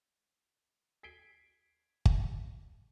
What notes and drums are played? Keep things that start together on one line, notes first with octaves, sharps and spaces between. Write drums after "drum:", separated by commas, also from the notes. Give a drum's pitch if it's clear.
G#6 B6 C7 D7 G7
drum: kick G1